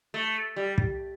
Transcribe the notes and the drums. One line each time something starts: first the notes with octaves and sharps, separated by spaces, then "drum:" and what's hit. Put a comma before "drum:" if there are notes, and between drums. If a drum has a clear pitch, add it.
A3
G3
drum: kick